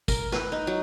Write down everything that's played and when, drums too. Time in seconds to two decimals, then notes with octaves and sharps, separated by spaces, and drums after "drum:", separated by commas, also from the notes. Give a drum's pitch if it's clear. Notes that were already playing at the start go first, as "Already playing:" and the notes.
0.08 A#4, drum: kick G#1, tambourine
0.32 B4, drum: snare
0.52 D#4
0.67 F#3